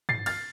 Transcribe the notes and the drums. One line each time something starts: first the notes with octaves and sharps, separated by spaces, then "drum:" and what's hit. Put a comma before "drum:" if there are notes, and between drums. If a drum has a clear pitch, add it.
A6 C7, drum: tom
F6 A6, drum: cymbal